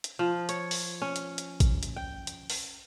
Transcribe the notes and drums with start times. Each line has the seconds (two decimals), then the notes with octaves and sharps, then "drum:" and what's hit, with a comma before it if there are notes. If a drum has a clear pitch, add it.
0.04 drum: hi-hat
0.19 F3
0.49 C#5, drum: hi-hat
0.71 drum: open hi-hat
1.02 C#4
1.16 drum: hi-hat
1.38 drum: hi-hat
1.60 drum: kick A1, hi-hat
1.83 drum: hi-hat
1.96 G5
2.27 drum: hi-hat
2.50 drum: open hi-hat